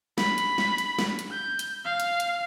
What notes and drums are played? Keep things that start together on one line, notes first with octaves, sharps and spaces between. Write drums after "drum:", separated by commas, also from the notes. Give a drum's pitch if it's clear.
B5, drum: snare
drum: hi-hat
drum: snare
drum: hi-hat
drum: snare
drum: hi-hat
G6
drum: hi-hat
F5
drum: hi-hat
drum: hi-hat